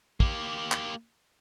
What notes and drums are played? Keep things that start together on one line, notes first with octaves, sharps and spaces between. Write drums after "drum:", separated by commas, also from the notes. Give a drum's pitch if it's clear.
A#3 G4, drum: kick
drum: clap